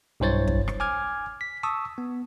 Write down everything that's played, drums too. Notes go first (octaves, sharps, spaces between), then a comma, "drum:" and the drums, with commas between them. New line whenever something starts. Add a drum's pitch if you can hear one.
B1 G2 E4 C5 C#5 A6
drum: kick
drum: rim click
G#5 D6 F6 G#6
B6
A5 C#6 D#6 E6
B3